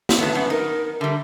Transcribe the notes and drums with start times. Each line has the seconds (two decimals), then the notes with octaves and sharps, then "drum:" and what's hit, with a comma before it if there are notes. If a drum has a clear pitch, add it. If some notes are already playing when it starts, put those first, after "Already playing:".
0.09 drum: snare
0.19 D#3 A3 B3 B4
0.34 F#2 B3
0.50 D#4 A#4
1.01 D3 G3 E5